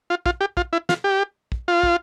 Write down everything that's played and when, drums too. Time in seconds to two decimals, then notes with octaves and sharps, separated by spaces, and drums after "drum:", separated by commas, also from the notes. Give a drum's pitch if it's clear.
0.10 F4
0.26 F4, drum: kick
0.41 G4
0.57 F4, drum: kick
0.73 E4
0.89 F4, drum: snare
1.04 G4
1.52 drum: kick
1.68 F4
1.83 drum: kick